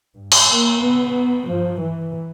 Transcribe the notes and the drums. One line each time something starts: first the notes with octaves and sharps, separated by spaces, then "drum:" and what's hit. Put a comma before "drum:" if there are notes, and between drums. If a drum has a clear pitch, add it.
G2
drum: cymbal
A#3
E2 C#3 B3
G2 F3
E3